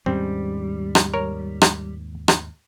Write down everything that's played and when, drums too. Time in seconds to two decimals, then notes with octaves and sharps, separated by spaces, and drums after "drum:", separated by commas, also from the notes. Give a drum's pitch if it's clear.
0.06 D#2 G#2 G3 C4 C#4
0.95 drum: rim click
1.14 A#4 C#5
1.62 drum: rim click
2.28 drum: rim click